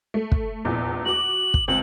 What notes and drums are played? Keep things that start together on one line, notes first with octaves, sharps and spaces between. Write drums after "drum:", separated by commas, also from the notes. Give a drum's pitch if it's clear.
A3
drum: kick
F1 A#1 E2
F#4 D6 F#7
drum: kick
C#2 C4 F#7